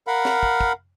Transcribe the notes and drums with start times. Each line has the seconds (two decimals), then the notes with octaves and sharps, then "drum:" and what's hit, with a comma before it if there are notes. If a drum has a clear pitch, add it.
0.07 A#4 F5 F#5 B5
0.25 drum: snare
0.43 drum: kick
0.61 drum: kick